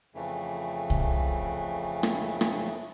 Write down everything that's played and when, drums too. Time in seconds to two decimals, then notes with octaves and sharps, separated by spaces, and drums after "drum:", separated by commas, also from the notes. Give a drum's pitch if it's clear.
0.15 F2 C#3 E3 A3
0.90 drum: kick C2
2.03 drum: rim click
2.41 drum: rim click